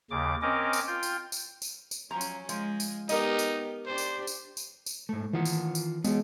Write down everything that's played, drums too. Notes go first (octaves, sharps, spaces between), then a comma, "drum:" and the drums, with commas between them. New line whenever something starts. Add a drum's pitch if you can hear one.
D#2 C#3 D6
C4 C#4 A#4 D#5 D6
drum: tambourine
F4 G5
drum: tambourine
drum: tambourine
drum: tambourine
drum: tambourine
F3 F#3 C#4 A#5
drum: tambourine
F3 G#3, drum: tambourine
drum: tambourine
B3 D#4 G4 A#4 D#5, drum: tambourine
drum: tambourine
D4 G4 C5
drum: tambourine
drum: tambourine
drum: tambourine
drum: tambourine
G#2 A3
D#3 E3 F4 F#5
drum: tambourine
drum: tambourine
G#3 B3 C#5, drum: tambourine